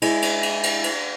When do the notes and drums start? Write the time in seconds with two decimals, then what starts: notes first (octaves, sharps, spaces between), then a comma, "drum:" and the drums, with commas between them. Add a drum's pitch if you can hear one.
0.02 G#3 E4, drum: cymbal
0.22 drum: cymbal
0.43 drum: cymbal
0.63 drum: cymbal
0.84 drum: cymbal